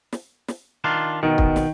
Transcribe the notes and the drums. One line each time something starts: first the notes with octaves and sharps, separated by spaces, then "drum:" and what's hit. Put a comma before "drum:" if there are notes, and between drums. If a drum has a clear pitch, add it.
drum: snare
drum: snare
D#3 D4 F4
B2 D#3
drum: kick
drum: snare